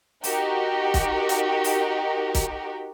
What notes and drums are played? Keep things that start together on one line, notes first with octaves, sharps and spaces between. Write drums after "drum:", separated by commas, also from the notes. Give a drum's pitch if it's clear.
D#4 F#4 G4 A#4, drum: open hi-hat
drum: kick, hi-hat
drum: hi-hat
drum: open hi-hat
drum: kick, hi-hat